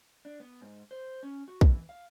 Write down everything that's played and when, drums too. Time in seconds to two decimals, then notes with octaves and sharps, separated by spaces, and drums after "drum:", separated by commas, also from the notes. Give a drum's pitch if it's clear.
0.25 D4
0.40 B3
0.61 G#2
0.91 C5
1.23 C#4
1.48 F#4
1.61 E3, drum: kick
1.89 F5